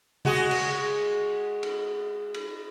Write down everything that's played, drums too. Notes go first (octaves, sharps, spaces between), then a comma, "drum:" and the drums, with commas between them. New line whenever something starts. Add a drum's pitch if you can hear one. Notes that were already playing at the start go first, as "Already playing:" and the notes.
G#3 F#4 G#4, drum: tom C#3
drum: cymbal
drum: cymbal
drum: cymbal